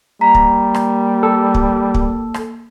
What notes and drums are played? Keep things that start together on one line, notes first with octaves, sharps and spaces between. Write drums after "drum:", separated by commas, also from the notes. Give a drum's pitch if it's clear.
G3 A#3 A#5 B6
drum: kick
drum: rim click
A4
drum: kick
drum: kick
drum: rim click